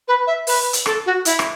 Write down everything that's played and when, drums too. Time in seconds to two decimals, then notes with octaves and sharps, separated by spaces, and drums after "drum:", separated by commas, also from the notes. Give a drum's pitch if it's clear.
0.08 B4
0.27 E5
0.47 B4, drum: open hi-hat
0.73 drum: hi-hat
0.86 A4, drum: rim click
1.06 F#4
1.25 E4, drum: hi-hat
1.39 drum: rim click